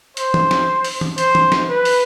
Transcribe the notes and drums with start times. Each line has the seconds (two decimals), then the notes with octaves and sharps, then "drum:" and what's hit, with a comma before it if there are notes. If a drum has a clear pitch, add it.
0.17 C5, drum: hi-hat
0.34 drum: tom
0.51 drum: snare
0.84 drum: open hi-hat
1.01 drum: tom
1.18 C5, drum: hi-hat
1.35 drum: tom
1.52 drum: snare
1.69 B4
1.85 drum: open hi-hat